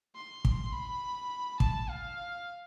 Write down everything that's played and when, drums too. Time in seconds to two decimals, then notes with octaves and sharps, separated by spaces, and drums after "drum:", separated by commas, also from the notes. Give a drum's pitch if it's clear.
0.16 C6
0.45 drum: kick
0.73 B5
1.60 A5, drum: kick
1.90 F5